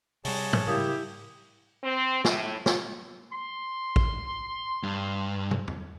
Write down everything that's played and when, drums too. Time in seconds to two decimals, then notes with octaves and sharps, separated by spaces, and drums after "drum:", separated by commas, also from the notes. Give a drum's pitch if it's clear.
0.25 C3 G3 G#4 C#5 A5, drum: open hi-hat
0.53 drum: tom
0.67 C#3 G3 E4 G4 A#4 F5 D#6
1.84 C4
2.25 A2, drum: snare
2.66 drum: snare
3.31 C6
3.96 drum: kick
4.83 G2
5.51 drum: tom
5.68 drum: tom E2